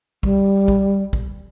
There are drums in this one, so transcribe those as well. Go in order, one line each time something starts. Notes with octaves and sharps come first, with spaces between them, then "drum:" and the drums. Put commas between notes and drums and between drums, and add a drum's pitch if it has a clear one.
G3, drum: kick
drum: kick
drum: kick